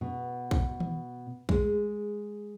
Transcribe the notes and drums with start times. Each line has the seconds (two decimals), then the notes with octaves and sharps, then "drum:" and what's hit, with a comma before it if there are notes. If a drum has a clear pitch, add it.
0.01 B2
0.51 drum: kick
0.80 drum: tom D#3
1.49 G#3, drum: kick